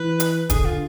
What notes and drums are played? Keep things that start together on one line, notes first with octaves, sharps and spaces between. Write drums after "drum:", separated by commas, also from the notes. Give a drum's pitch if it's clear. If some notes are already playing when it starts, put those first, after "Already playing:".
Already playing: E3 B4
drum: hi-hat
D3 G#4, drum: kick, hi-hat
F4